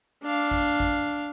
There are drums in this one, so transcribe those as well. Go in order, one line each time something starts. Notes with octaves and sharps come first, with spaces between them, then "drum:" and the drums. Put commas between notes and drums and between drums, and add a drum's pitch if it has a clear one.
D4 F5
drum: kick
drum: kick